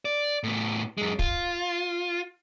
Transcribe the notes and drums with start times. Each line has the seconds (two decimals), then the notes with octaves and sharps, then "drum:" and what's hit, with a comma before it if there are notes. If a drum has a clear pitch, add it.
0.05 D5
0.43 A2 B3
0.98 F#2 G#3
1.19 F4, drum: kick